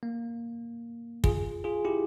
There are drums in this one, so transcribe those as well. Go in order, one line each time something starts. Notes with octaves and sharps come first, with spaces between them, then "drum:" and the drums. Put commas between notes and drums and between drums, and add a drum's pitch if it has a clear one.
A#3
F4 G#4, drum: kick
F4 G#4
E4 G4